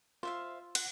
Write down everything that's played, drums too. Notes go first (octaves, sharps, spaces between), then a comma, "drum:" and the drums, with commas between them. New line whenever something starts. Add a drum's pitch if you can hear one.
F4 C5 E5 F5
F#5, drum: cymbal